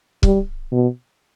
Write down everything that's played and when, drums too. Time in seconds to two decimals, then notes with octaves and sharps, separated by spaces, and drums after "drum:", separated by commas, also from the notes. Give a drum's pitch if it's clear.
0.23 G3, drum: kick
0.72 B2